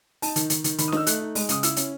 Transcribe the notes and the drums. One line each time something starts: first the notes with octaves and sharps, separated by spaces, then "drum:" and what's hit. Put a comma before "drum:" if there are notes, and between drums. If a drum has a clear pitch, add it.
D#4 A5, drum: open hi-hat
D#3, drum: hi-hat
D#3, drum: hi-hat
D#3, drum: hi-hat
D#3 B5, drum: hi-hat
D#6
D#4 E6, drum: snare
A3 F#6, drum: hi-hat
D#4
G#3, drum: open hi-hat
C#3 D#6, drum: hi-hat
E4 E6, drum: hi-hat
C#4, drum: hi-hat